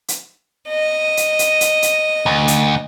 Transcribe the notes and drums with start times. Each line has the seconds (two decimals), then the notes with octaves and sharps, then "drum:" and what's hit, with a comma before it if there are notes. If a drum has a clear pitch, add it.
0.08 drum: hi-hat
0.69 D#5
1.17 drum: hi-hat
1.39 drum: hi-hat
1.61 drum: hi-hat
1.82 drum: hi-hat
2.26 D2
2.48 drum: hi-hat